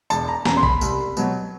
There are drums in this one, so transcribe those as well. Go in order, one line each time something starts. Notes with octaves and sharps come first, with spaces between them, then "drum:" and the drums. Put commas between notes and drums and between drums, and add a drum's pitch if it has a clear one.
E1 A5, drum: tambourine
A#5
E2 C#3 A#5, drum: snare
C6
B5, drum: kick A#1
C2, drum: tambourine
B2 F#3, drum: tambourine